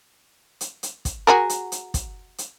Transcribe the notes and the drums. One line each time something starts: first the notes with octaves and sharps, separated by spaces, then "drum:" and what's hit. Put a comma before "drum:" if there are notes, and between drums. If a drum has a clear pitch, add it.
drum: hi-hat
drum: hi-hat
drum: kick, hi-hat
F#4 G#4 A#4
drum: hi-hat
drum: hi-hat
drum: kick, hi-hat
drum: hi-hat